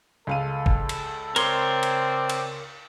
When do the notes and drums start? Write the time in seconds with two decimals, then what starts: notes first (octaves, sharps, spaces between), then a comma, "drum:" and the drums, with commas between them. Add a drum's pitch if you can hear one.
0.27 C#2 A4 F5 D#7
0.66 drum: kick
0.89 drum: cymbal
1.36 C4 A#4 C#5 D5 C6, drum: cymbal
1.83 drum: cymbal
2.30 drum: cymbal